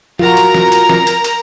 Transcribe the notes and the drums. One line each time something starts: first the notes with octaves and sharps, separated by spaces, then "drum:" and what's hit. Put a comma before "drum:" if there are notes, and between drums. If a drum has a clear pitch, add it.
F4 F#4 A#4 A#5, drum: tom F3
drum: hi-hat
drum: snare
drum: hi-hat
drum: snare
drum: hi-hat
drum: hi-hat